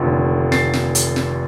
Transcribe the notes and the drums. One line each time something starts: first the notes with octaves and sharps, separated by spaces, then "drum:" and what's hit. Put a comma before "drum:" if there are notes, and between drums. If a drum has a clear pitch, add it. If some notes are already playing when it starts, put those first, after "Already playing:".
Already playing: F1 D#2 D3 F3
A6 C7, drum: snare
drum: snare
drum: hi-hat
drum: snare